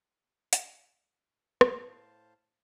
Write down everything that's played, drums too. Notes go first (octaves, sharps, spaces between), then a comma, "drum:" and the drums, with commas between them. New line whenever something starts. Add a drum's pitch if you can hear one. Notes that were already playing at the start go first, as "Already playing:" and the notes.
drum: hi-hat
A2 C5 F5 A5, drum: rim click